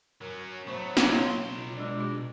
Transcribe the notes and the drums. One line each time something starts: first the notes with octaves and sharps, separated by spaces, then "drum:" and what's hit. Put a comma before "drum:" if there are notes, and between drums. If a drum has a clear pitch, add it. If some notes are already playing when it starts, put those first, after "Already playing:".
F#3 C#4 A#4
F#3 A3 B3 C5 C#6
drum: snare
B1 C4 F4 C#5 C6
F4
G#3 D4 D5
G4